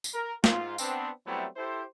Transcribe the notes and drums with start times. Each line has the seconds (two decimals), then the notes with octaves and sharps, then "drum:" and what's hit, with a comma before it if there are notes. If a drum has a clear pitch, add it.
0.04 drum: tambourine
0.14 A#4
0.44 G#2 F4, drum: snare
0.78 B3 C4 D4, drum: tambourine
1.26 F#3 G3 A3 B3 C4 E4
1.57 E4 G4 A4 C5